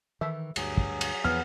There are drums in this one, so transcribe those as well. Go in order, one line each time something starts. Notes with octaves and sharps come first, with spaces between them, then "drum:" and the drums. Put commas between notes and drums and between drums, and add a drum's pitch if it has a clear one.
D#3 E3 E5
D2 G2 F#3 G#4, drum: cymbal
drum: kick
drum: cymbal
E2 F3 B3 F6